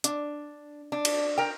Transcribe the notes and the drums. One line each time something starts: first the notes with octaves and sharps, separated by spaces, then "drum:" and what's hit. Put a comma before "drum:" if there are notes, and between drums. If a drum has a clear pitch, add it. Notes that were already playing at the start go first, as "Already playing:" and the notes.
D4, drum: hi-hat
D4
drum: cymbal
A#4 G5